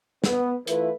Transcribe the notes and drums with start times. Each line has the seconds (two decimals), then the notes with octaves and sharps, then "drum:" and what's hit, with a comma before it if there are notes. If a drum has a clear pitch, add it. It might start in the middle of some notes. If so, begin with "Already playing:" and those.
0.24 B3, drum: snare
0.67 E3 A3 E4 F4 B4, drum: hi-hat